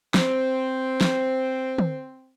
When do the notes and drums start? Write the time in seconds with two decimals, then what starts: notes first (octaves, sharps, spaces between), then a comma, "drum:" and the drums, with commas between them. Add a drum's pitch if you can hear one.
0.14 C4 C5, drum: snare
1.01 drum: snare
1.78 drum: tom